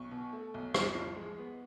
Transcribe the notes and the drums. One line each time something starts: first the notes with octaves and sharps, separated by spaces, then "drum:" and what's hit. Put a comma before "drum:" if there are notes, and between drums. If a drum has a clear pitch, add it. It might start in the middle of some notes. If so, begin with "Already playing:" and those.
Already playing: B1 C#6
B2
A3
B1
F2, drum: rim click
F3
G#3
B3